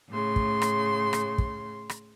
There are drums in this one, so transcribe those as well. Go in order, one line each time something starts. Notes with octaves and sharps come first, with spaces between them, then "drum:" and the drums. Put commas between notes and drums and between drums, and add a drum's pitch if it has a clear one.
A2 C#3 C6
drum: kick
drum: rim click
drum: rim click
drum: kick
drum: rim click